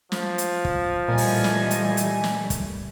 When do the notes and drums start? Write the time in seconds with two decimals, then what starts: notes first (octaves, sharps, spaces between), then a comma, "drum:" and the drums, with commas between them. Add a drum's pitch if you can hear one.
0.12 F3, drum: snare
0.38 drum: hi-hat
0.65 drum: kick
1.09 A#2 E3 G3 A3 D#5 G#5
1.18 drum: open hi-hat
1.44 drum: snare
1.71 drum: hi-hat
1.97 drum: hi-hat
2.24 drum: snare
2.50 drum: kick, hi-hat